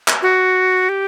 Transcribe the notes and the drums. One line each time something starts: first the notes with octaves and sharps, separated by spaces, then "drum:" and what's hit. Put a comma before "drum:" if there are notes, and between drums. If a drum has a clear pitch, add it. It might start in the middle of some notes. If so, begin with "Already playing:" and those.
drum: clap
F#4
G4